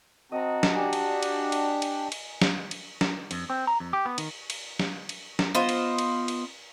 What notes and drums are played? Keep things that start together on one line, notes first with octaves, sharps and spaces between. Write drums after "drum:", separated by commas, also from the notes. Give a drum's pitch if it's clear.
C4 F#4 D#5 A5 A#5
drum: snare
D4 G4 G#5
drum: cymbal
drum: cymbal
drum: cymbal
drum: cymbal
drum: cymbal
drum: snare
drum: cymbal
drum: snare
F2, drum: cymbal
C4
A#5
F2
G4
B3
D#3, drum: cymbal
drum: cymbal
drum: snare
drum: cymbal
drum: snare
B3 F4 C5 D#5
drum: cymbal
drum: cymbal
drum: cymbal